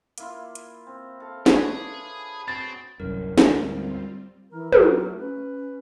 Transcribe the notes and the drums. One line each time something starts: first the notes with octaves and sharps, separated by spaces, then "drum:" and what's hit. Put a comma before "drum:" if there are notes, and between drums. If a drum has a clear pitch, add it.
A#3 E4 F4, drum: hi-hat
drum: hi-hat
C4
A4 F5
D4 G#4 B4 C#5, drum: snare
C4 F#4 G#4 A6
D1 C2 F#2 A#4
D2 G#2 G3 C4 F4, drum: snare
E3 A#4
F#3, drum: tom
A3
C#4 B4